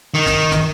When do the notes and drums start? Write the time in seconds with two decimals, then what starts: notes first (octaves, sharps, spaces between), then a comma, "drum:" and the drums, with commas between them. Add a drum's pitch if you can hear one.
0.14 D#3
0.26 drum: snare
0.51 drum: snare